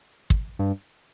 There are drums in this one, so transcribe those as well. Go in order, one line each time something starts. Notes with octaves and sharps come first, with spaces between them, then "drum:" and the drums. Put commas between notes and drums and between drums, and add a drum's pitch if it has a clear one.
drum: kick
G2